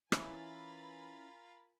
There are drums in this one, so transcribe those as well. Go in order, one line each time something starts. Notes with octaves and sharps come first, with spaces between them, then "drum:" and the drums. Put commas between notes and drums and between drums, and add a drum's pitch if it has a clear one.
E3 C#4 E4 F4 A#4 G#5 B5 A6, drum: rim click